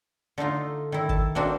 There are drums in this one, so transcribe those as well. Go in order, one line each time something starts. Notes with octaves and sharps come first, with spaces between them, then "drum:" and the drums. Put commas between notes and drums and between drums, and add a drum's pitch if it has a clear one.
D3 A3 D#4 F4
D#3 E4
A5, drum: kick G1
B2 A#3 C4 D4 F#4 E5